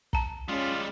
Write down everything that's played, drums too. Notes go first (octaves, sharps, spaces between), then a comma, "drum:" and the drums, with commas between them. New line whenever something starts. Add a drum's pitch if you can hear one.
A5 A#5, drum: kick
G3 G#3 C#4 F4